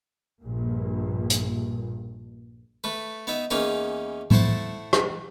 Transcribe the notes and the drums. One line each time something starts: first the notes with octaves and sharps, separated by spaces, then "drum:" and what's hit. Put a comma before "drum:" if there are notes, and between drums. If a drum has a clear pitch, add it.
A#1 G2 A#2
drum: hi-hat
A3 B4
B3 D#4 E5
E2 A#3 C#4 D#4 A#4 B4
A3 E4 C5 F#5 A5, drum: tom A2
drum: rim click